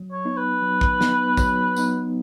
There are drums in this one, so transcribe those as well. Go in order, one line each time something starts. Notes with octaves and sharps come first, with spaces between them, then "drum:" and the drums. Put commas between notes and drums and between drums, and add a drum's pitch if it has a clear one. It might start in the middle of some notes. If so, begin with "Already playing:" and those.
Already playing: F#3
C#5
B3 D#4
B4
F#3
drum: kick A#1
B3 D#4, drum: snare
F#3, drum: kick A#1, tambourine
B3 D#4, drum: tambourine